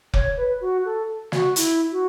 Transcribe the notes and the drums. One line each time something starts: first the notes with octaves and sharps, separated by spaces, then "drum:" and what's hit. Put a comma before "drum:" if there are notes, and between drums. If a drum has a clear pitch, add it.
C#5, drum: kick F1
B4
F#4
A4
F#4, drum: snare
E4, drum: hi-hat
F#4